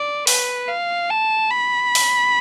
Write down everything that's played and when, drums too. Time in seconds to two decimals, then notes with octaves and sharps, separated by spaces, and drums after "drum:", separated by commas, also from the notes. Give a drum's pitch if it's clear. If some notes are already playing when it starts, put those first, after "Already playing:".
Already playing: D5
0.27 B4, drum: open hi-hat
0.68 F5
1.10 A5
1.51 B5
1.95 drum: open hi-hat